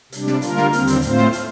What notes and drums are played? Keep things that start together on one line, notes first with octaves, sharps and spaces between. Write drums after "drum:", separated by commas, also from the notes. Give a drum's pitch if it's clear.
C3 G3 D4, drum: hi-hat
drum: snare
D3 G3 A#3 F4 A#4, drum: hi-hat
drum: snare
D#2 D3 G3 C4, drum: hi-hat
drum: hi-hat
A2 A3 C4 F4 C5, drum: hi-hat
drum: snare
drum: hi-hat